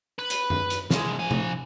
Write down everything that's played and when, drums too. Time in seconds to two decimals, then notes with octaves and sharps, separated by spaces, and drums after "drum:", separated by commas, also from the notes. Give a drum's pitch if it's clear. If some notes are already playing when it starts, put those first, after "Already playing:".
0.18 B4
0.30 drum: hi-hat
0.50 drum: tom F#2
0.70 drum: hi-hat
0.91 C2 G#3, drum: snare
1.19 F3 G#5
1.31 drum: tom C3